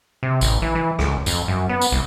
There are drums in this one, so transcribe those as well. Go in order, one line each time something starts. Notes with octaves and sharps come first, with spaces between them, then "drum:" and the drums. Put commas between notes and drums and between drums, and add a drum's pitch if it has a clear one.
C3
A1, drum: tambourine
E3
E3
C#2, drum: rim click
F2, drum: tambourine
F#2
B3
drum: tambourine
C2